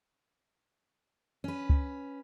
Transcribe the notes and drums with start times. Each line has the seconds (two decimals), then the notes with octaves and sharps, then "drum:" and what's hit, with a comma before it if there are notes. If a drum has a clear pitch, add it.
1.44 C#4 B4
1.70 drum: kick C#2